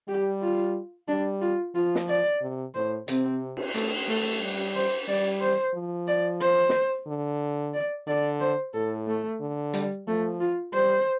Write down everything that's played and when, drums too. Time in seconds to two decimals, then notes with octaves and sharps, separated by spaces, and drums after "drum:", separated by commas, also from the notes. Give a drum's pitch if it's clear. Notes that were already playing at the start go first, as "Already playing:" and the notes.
0.08 G3 G4
0.42 F4
1.08 G3 D4
1.42 F4
1.75 F3 F4
1.95 drum: snare
2.08 D5
2.41 C3
2.74 A2 C5
3.08 C3 C4, drum: hi-hat
3.57 drum: cymbal
3.75 A3, drum: hi-hat
4.08 A3
4.41 G3
4.75 C5
5.08 G3 D5
5.41 C5
5.74 F3
6.08 D5
6.41 C5
6.69 drum: snare
7.07 D3
7.74 D5
8.07 D3 D5
8.40 C5
8.74 A2 A4
9.07 A3
9.40 D3
9.74 G3, drum: hi-hat
10.07 F3 A3
10.40 F4
10.73 G3 C5